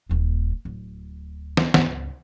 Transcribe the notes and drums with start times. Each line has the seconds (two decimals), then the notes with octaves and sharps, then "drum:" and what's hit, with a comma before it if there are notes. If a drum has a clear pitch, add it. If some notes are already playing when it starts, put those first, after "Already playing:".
0.09 D#1 A#3
0.65 D1
1.57 drum: snare
1.74 C#2 G2, drum: snare